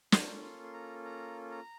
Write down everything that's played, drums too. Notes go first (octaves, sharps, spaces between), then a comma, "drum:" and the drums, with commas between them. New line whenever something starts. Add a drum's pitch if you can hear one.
A#3 C#4 F4 A4 C6, drum: snare
C6
C6
A#5
A#5
A#5